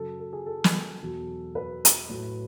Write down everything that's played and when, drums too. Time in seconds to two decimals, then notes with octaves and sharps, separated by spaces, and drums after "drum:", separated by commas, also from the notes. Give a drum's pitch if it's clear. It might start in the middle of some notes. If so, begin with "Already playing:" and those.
Already playing: F#2 C#3 F#3 A4
0.20 A4
0.33 G#4
0.46 A4
0.64 drum: snare
1.01 E2 B2 F#3
1.55 B4
1.85 drum: hi-hat
2.09 A2 F#3